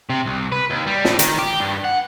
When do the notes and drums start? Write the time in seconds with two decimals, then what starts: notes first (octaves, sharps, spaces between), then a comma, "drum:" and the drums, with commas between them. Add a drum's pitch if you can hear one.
0.10 C3
0.26 C2
0.52 B4
0.70 D#2
0.87 G3
1.05 A2, drum: snare
1.19 D#3, drum: hi-hat
1.39 G4
1.60 G2
1.84 F#5